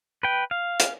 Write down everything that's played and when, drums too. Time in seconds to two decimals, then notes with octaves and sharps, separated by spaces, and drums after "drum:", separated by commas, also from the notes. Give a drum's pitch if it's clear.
0.23 B4 G5
0.51 F5
0.80 drum: hi-hat